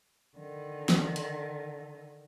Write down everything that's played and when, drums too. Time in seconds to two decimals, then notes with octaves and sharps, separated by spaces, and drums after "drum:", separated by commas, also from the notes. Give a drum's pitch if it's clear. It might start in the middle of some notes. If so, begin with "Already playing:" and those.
0.37 D3 D#3
0.89 drum: snare
1.16 drum: hi-hat